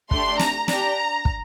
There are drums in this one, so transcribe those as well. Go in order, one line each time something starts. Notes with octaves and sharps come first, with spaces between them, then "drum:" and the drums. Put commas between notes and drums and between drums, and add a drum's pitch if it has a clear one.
A3 D4 G4 C6, drum: kick
A#5, drum: snare
D4 G4 A#5, drum: snare
drum: kick